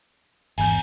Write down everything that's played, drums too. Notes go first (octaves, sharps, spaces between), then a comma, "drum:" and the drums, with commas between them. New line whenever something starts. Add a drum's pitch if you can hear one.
G#1 E2 G#5 A#5 G6, drum: open hi-hat